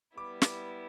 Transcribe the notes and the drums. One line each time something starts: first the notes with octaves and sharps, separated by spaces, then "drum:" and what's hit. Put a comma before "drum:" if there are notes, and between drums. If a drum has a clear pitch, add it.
G3 B3 E4 D6
D6, drum: snare